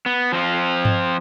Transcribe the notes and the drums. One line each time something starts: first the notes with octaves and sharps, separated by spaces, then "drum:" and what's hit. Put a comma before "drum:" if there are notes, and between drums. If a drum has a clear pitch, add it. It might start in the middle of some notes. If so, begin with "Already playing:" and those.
B3
F3 C4 F4
drum: tom G2